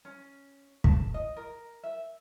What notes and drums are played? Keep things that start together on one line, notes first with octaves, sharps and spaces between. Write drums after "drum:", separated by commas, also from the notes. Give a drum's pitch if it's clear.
C#4
A5, drum: kick
D#5
A#4
E5